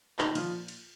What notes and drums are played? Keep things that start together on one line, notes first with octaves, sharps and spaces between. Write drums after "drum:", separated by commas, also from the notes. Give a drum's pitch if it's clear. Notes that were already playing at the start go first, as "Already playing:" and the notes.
A#2 D#3 D#4, drum: clap
F3 F4, drum: cymbal
drum: cymbal